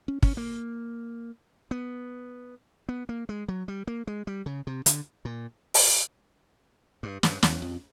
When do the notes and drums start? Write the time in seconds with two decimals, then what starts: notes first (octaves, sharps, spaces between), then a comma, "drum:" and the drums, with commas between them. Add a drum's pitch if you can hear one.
0.08 C#4
0.23 C#4, drum: kick
0.37 A#3
1.71 B3
2.89 B3
3.09 A#3
3.29 G#3
3.48 F#3
3.68 G3
3.87 A#3
4.07 G#3
4.27 G3
4.46 C#3
4.67 C3
4.86 D3, drum: hi-hat
5.25 A#2
5.74 drum: open hi-hat
7.03 G2
7.23 G2, drum: snare
7.43 E2, drum: snare
7.62 F2